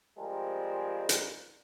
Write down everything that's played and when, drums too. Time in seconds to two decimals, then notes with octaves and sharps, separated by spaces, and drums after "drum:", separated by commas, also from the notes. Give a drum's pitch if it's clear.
0.18 F3 G3 G#3 C4 A#4
1.09 drum: hi-hat